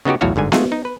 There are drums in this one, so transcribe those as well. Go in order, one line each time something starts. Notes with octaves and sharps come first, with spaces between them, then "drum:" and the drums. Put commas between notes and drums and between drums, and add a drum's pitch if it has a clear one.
C#3 B3 D#4 F#4 G4
B1 E2 A2 F#4 C#5 F5
G1 G#2 D3 G#5
G#3 A3 F4 F#4 G#4, drum: snare B3
D#4
B4